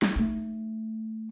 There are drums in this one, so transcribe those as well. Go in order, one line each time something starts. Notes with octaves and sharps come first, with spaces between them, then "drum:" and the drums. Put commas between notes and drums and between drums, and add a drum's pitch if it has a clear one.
drum: snare
A3 D#4